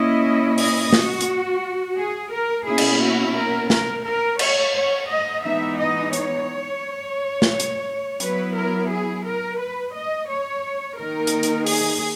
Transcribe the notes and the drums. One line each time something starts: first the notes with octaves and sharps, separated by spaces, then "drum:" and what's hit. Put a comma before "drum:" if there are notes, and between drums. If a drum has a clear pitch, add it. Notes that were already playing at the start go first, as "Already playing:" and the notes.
Already playing: A#2 A#3 C#4 E4 D#5
D#5, drum: open hi-hat
F#4, drum: snare
drum: hi-hat
G#4
A#4
B2 A#3 C#4 E4 G#4
drum: cymbal
F#4
A#4
A#4, drum: snare
A#4
C#5, drum: cymbal
C#5
D#5
E3 G#3 B3 D#4 E5
D#5
C#5, drum: hi-hat
drum: snare
drum: hi-hat
F#3 B3 E4 B4, drum: hi-hat
A#4
G#4
A#4
B4
D#5
C#5
D#3 A#3 D#4 A#4
drum: hi-hat
drum: hi-hat
G#4, drum: open hi-hat